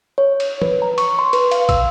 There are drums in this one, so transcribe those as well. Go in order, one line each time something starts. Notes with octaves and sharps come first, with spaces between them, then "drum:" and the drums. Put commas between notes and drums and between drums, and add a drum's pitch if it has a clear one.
C#5
drum: cymbal
B4, drum: tom
A#5
C#6, drum: cymbal
C6
B4, drum: cymbal
F5, drum: cymbal
E6, drum: kick, cymbal